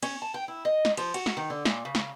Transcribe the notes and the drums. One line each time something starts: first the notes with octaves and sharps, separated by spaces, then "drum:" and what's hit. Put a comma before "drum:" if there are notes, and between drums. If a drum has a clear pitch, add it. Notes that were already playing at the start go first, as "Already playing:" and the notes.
C#4, drum: cymbal
A5
G5
E4
D#5
drum: snare
F3, drum: cymbal
F#4, drum: cymbal
drum: snare
D#3
D3
A#2, drum: snare
C#3
drum: snare